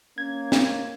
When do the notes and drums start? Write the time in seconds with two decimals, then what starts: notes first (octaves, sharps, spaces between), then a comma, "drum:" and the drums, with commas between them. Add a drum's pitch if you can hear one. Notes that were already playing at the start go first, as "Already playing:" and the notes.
0.18 A#3 C#4 G#6
0.52 drum: snare